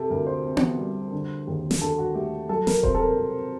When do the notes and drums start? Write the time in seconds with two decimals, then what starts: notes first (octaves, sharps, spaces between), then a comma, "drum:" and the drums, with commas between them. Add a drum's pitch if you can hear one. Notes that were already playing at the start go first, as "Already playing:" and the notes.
Already playing: C3 G4 A4
0.10 D2 A#4
0.27 C5
0.45 C4
0.57 drum: tom B3
0.78 G3
1.12 D3
1.47 D#2
1.71 drum: snare
1.80 D4 A4
1.98 F#4
2.15 A3 G4
2.49 F#3 A4
2.67 A#4, drum: snare
2.83 C3 C5, drum: kick D#1
2.95 A4
3.00 A#4
3.17 C4